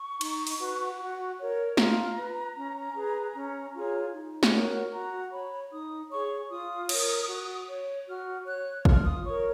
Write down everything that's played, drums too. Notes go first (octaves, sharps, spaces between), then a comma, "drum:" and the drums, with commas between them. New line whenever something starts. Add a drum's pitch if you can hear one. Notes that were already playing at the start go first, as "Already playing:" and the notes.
Already playing: C#6
D#4, drum: cymbal
drum: open hi-hat
F#4 B4
F#4
A#4 C#5
F4 A#5, drum: snare
B4
C#4
G#4 B4
C#4
F4 G#4 C#5
D#4
drum: snare
F#4 A#4 C#5
F#4 A#5
C#5 B5
D#4 D#6
G#4 C#5 C#6
F4 D#6
A#4 C#5, drum: cymbal
F#4
C#5
F#4 F6
C#5 F#6
F4 F6, drum: kick
D#6
A#4 C#5 C#6